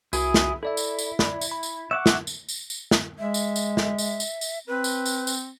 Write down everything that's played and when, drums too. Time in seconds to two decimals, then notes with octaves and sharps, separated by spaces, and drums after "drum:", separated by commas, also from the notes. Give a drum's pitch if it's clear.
0.13 C2 E4 F#4 G#4, drum: tambourine
0.34 drum: snare
0.63 E4 A4 D5 E5
0.77 drum: tambourine
0.99 drum: tambourine
1.19 D5 E5 B5, drum: snare
1.41 drum: tambourine
1.52 B5
1.63 drum: tambourine
1.91 E5 F#5 C#6 D6
2.06 drum: snare
2.27 drum: tambourine
2.49 drum: tambourine
2.70 drum: tambourine
2.91 drum: snare
3.19 G#3 E5
3.34 drum: tambourine
3.56 drum: tambourine
3.77 drum: snare
3.98 drum: tambourine
4.20 drum: tambourine
4.41 drum: tambourine
4.67 C4 B4
4.84 drum: tambourine
5.06 drum: tambourine
5.27 drum: tambourine